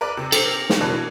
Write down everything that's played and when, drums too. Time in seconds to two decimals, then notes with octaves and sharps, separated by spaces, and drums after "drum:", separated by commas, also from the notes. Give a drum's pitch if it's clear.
0.01 A#4 B4 D5
0.17 C3
0.32 A4 B4 C5, drum: cymbal
0.46 A#4
0.70 drum: snare
0.81 B2 E3 D4